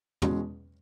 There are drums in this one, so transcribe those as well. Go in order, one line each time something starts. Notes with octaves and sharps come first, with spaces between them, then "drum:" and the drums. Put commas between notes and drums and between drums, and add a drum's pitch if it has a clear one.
E2 B2 G#3 C#4, drum: tom